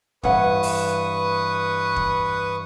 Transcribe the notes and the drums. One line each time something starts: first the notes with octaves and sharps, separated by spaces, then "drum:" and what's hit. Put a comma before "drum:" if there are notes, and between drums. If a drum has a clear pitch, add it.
G2 E3 B4 F#5 C#6 D#6, drum: kick
drum: open hi-hat
drum: kick